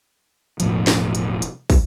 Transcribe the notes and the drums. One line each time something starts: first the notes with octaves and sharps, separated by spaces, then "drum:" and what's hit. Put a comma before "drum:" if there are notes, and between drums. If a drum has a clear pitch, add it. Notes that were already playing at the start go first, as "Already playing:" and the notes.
E1 A2 F3, drum: hi-hat
drum: snare
drum: hi-hat
drum: hi-hat
drum: kick, open hi-hat